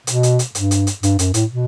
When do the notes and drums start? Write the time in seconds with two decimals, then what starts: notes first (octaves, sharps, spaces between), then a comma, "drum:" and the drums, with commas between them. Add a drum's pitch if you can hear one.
0.07 B2, drum: hi-hat
0.23 drum: hi-hat
0.39 drum: hi-hat
0.55 G2, drum: hi-hat
0.71 drum: hi-hat
0.87 drum: hi-hat
1.03 G2, drum: hi-hat
1.19 F#2, drum: hi-hat
1.34 A2, drum: hi-hat
1.51 B2